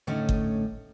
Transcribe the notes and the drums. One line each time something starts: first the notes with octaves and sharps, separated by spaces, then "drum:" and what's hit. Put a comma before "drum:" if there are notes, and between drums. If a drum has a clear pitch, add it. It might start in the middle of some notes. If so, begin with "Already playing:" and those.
A2 D3 A3 C#4 D#4
drum: kick G1